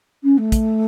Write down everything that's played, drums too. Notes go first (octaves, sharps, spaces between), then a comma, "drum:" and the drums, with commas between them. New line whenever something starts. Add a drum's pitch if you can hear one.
C#4
A3
drum: kick, hi-hat